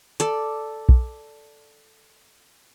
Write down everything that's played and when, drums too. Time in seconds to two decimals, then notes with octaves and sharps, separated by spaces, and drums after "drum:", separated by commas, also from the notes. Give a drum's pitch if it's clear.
0.20 A4 D5, drum: hi-hat
0.89 drum: kick